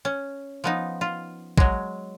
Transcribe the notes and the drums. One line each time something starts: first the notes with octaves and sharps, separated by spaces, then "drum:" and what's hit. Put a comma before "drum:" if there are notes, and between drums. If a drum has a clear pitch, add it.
C#4
F3 B3 D#4
F4
F#3 G#3, drum: kick